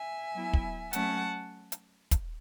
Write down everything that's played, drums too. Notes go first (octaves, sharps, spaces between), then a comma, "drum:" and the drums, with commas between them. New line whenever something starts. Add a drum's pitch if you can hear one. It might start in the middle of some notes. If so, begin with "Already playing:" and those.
Already playing: E5 G#5
F#3 B3 E4
drum: kick
F#3 A3 C#4 F#5 A5, drum: hi-hat
drum: hi-hat
drum: kick, hi-hat